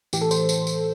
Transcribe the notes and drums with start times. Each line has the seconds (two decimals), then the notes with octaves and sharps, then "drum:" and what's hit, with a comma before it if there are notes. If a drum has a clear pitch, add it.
0.13 A2 E3 G4, drum: tambourine
0.21 A4
0.31 C5, drum: tambourine
0.49 drum: tambourine
0.67 drum: tambourine